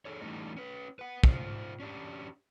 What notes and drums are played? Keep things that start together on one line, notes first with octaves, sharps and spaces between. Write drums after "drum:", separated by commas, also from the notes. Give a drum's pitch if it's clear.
G#4 A4 C#5
E3 G3 A3 C#4 D#4
C#4 B4
B4 F#5
G#2 F4 C5, drum: kick
C#4 D4 G4